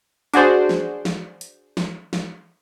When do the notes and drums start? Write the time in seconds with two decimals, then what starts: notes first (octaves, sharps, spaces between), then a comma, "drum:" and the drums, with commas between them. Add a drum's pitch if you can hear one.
0.34 D4 F#4 G#4 C5 D5, drum: hi-hat
0.69 drum: snare
1.05 drum: snare
1.41 drum: hi-hat
1.77 drum: snare
2.13 drum: snare